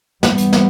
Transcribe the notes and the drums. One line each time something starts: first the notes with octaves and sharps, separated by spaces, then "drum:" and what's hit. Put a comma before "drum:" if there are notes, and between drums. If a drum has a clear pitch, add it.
E3 G3 B3, drum: snare
drum: hi-hat
drum: snare